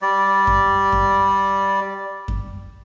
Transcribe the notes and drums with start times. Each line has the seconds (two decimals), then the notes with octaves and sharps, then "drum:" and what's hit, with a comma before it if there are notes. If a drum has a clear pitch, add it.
0.02 G3 D5
0.47 drum: kick F#2
0.92 drum: kick F#2
2.28 drum: kick F#2